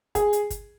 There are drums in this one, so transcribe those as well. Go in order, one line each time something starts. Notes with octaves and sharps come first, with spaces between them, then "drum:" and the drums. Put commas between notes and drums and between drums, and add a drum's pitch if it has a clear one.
G#4, drum: kick, hi-hat
drum: hi-hat
drum: kick, hi-hat